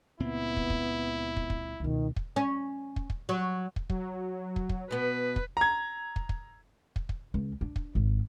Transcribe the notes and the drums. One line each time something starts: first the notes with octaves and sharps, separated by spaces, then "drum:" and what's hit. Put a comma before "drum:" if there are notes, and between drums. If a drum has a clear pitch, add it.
C#2 A#2 B3 C4 E4
drum: kick
drum: kick
drum: kick
drum: kick
C#2 B2 D#3
drum: kick
C#4
drum: kick
drum: kick
F#3
drum: kick
F#3, drum: kick
drum: kick
drum: kick
B2 B3 B4
drum: kick
A#5 G#6
drum: kick
drum: kick
drum: kick
drum: kick
C#2
D4
drum: kick
G#1